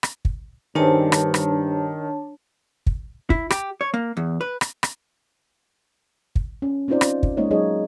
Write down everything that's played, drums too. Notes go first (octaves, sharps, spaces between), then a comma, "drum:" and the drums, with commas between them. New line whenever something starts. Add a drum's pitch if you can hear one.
drum: rim click
drum: kick
G2 D#3 C4 D4 D#4 G#4 C#5 A5
drum: rim click
drum: rim click
drum: kick
E4, drum: kick
G4, drum: rim click
C#5
A#3
E2
B4
drum: rim click
drum: rim click
drum: kick
C#4
C4 C#4 D#4 F4 C5 D5
drum: rim click
drum: kick
G#3 A#3 C#4 D#4 C#5 D#5
F#3 D#4 G#4 C#5 D#5